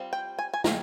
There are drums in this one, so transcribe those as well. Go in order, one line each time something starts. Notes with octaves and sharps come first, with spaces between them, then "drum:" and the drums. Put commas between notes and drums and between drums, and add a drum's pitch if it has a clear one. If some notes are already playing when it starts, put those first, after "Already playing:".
Already playing: G3 C4 F4
G5
G#5
G#5
G3 C4 F4 A#5, drum: snare